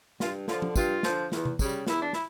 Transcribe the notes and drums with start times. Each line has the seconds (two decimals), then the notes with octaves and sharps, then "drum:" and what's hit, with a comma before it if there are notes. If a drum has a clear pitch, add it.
0.20 G2 F4, drum: snare
0.48 D3 F3 F4, drum: snare
0.62 drum: tom
0.76 G2 F4, drum: kick, tambourine
1.03 F3, drum: snare
1.08 D3
1.32 E2, drum: snare
1.45 drum: tom C3
1.59 C#3 G3, drum: kick, tambourine
1.87 E2 E4, drum: snare
2.00 D4
2.13 E4, drum: snare